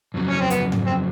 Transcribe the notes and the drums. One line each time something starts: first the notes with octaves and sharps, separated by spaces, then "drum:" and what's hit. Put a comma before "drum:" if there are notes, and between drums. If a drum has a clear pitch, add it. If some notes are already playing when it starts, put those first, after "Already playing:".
F2 C#3 F#3
C#4
C4
B3, drum: hi-hat
drum: tom G#2
C4